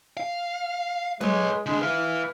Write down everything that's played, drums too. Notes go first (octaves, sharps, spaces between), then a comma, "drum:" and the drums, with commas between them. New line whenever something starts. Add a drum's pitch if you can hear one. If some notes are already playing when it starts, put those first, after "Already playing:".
F5
G#3 B4 C#5, drum: tom F#3
C#3 G#3 D4
B4 E5 F5